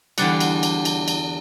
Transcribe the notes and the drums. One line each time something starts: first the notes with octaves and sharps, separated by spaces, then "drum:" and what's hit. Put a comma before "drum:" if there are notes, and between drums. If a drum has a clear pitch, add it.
E2 D3 G3 D4 F#5, drum: cymbal
drum: cymbal
drum: cymbal
drum: cymbal
drum: cymbal